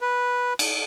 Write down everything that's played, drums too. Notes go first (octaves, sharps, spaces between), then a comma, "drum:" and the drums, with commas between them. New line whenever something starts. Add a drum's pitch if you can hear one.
B4
drum: cymbal